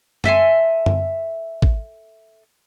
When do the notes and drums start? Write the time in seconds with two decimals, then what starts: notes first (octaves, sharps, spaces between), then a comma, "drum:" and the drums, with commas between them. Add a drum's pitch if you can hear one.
0.24 A4 E5 G#5 C6, drum: tom F#2
0.86 drum: tom F#2
1.62 drum: kick